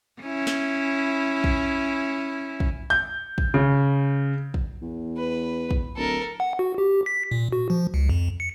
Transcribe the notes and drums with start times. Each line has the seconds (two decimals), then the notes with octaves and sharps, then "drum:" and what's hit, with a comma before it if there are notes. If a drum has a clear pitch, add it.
0.21 C#4 E4
0.47 drum: snare
1.44 drum: kick
2.60 drum: kick
2.90 G6
3.38 drum: kick
3.54 C#3
4.54 drum: kick
4.82 E2
5.17 B4
5.71 drum: kick
5.97 D1 A4 A#4
6.40 F#5
6.59 F#4
6.78 G4
7.06 B6
7.31 A#2
7.53 F#4
7.70 F3
7.94 C#2
8.09 F2
8.40 C#7